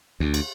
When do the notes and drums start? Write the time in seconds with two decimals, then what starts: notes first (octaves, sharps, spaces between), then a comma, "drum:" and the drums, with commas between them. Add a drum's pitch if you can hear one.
0.20 D2
0.34 drum: cymbal